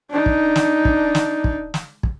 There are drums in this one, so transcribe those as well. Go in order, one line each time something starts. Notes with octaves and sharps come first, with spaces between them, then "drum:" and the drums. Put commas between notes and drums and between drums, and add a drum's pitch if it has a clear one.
D4 D#4
drum: kick
drum: snare
drum: kick
drum: snare
drum: kick
drum: snare
drum: kick